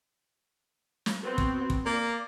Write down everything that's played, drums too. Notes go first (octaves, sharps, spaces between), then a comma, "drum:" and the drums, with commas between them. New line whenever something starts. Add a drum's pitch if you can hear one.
drum: snare
B3 C4 F#4
drum: kick
drum: kick
A#3 D5